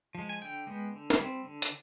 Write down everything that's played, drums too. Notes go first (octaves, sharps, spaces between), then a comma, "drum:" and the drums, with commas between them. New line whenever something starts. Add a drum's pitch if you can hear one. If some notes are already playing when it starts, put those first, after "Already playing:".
F3 G#3
G#5
D3 G5
G#3 B3
D3
drum: snare
G3 C4
D3
drum: hi-hat